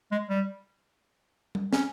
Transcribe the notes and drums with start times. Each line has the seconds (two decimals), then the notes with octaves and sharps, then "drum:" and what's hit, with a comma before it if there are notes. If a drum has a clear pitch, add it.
0.11 G#3
0.29 G3
1.55 drum: tom G3
1.73 C#4, drum: snare